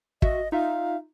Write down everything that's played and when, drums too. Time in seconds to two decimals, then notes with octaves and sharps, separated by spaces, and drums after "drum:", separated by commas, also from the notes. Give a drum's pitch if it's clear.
0.22 F#4 D#5 E5, drum: kick
0.52 D#4 F4 E5 F5